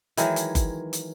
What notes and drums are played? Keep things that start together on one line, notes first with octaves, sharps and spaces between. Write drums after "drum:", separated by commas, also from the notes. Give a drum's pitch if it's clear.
D#3 E3 F#3 G#3, drum: hi-hat
drum: hi-hat
drum: kick F#1, hi-hat
drum: hi-hat